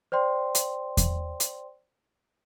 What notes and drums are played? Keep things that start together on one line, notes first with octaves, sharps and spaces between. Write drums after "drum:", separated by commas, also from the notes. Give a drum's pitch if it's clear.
C5 D5 G5 C6
drum: hi-hat
drum: kick E2, hi-hat
drum: hi-hat